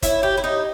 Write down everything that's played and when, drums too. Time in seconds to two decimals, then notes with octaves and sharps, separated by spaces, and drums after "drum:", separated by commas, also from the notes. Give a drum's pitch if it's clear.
0.02 E4 C#5, drum: kick, hi-hat
0.23 G4
0.38 E4
0.44 D#4 D#5